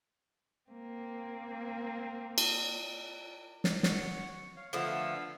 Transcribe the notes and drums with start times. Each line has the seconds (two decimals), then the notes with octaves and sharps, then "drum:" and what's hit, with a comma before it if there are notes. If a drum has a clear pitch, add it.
0.70 A#3 C4
2.38 drum: cymbal
3.64 drum: snare
3.83 C#5 F#5, drum: snare
4.57 C#5 F5
4.73 D3 F3 A3 B3 F5 E6